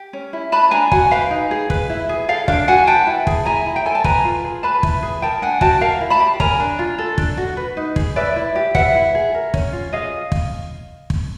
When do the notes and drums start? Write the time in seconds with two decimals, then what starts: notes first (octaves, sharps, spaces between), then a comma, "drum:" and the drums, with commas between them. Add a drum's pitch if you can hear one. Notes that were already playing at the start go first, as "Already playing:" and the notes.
Already playing: G4
0.13 C#4
0.33 E4
0.52 B4 A5 B5
0.71 D4 G#5 A#5
0.92 F#4 F#5 G#5, drum: kick
1.11 B4 F5 G5
1.31 D#4
1.51 G#4
1.70 B4, drum: kick
1.90 E4
2.09 G#4
2.29 A4 F5 G5
2.48 D4 F5 G5, drum: kick
2.68 F#4 F#5 G#5
2.87 B4 G5 A5
3.07 E4
3.27 G#4, drum: kick
3.46 E4 G#5 A#5
3.66 E4
3.76 G5
3.85 A4 G#5
3.95 A5
4.04 B4 G#5 A#5, drum: kick
4.25 F4
4.44 G#4
4.63 B4 A5 B5
4.83 E4, drum: kick
5.02 G#4
5.22 A#4 G5 A5
5.42 D4 F#5 G#5
5.61 F#4 G5 A5, drum: kick
5.81 A#4 F5 G5
6.01 E4
6.10 A5 B5
6.20 G4
6.40 A#4 G#5 A#5, drum: kick
6.60 D4
6.79 F4
6.98 A4
7.18 D4, drum: kick
7.37 F#4
7.57 B4
7.77 D#4
7.96 G#4, drum: kick
8.16 B4 D5 E5
8.36 E4
8.55 G4
8.75 B4 E5 F#5, drum: kick
8.95 E4
9.15 G#4
9.34 A#4
9.54 C#4, drum: kick
9.72 F4
9.93 G#4 D#5 F5
10.32 drum: kick
11.10 drum: kick